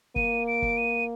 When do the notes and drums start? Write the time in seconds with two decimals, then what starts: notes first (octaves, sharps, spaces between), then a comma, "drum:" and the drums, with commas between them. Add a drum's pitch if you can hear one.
0.16 A#3 D#7, drum: kick
0.47 D7
0.62 drum: kick
0.77 D#7